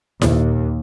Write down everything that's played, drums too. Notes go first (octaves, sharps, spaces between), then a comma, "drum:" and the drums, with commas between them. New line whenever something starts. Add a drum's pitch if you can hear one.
D#2 A#2, drum: snare E4